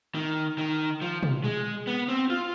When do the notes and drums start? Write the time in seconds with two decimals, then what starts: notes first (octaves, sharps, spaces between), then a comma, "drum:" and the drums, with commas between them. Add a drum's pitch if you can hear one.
0.15 D#3
0.58 D#3
1.02 F3
1.23 drum: tom
1.44 G#3
1.87 B3
2.08 C4
2.30 F4